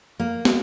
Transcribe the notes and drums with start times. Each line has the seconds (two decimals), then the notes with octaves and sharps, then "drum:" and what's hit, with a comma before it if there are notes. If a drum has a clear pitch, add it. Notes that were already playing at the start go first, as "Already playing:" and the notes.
0.20 A#3
0.45 drum: snare